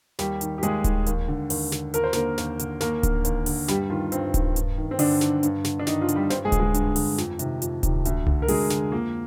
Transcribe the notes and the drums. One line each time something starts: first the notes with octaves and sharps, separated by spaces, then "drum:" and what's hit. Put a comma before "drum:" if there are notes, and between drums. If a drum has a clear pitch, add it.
D#2 G3 G4, drum: snare
D#3, drum: hi-hat
G4
D#2 G#3 G#4, drum: hi-hat
D#3, drum: kick D1, hi-hat
D#2, drum: hi-hat
D3
D#2, drum: open hi-hat
D3, drum: snare
D#2 A#4, drum: hi-hat
C5
D3 A#3 A#4, drum: snare
D#2, drum: snare
D3, drum: hi-hat
D#2 A#3 A#4, drum: snare
D3, drum: kick D1, hi-hat
D#2, drum: hi-hat
D3, drum: open hi-hat
G2 G3 G4, drum: snare
D#3 F3 F4
G2 C4, drum: hi-hat
D#3, drum: kick D1, hi-hat
G2, drum: hi-hat
D#3
C4
G2 D3 D4, drum: open hi-hat
D#3, drum: snare
G2, drum: hi-hat
D3, drum: snare
D4
G2 D#3 D#4, drum: snare
F3 F4
D3, drum: hi-hat
G3 G4
G2 C4 C5, drum: snare
G#3 G#4
D3, drum: kick D1, hi-hat
G#3 G#4
G2, drum: hi-hat
D3, drum: open hi-hat
F2, drum: snare
C3 D#3, drum: hi-hat
F2, drum: hi-hat
C3 D#3, drum: kick D1, hi-hat
D2, drum: hi-hat
D3, drum: tom C2
A#4
D2 G#3 G#4, drum: open hi-hat
D3, drum: snare
F2 A#3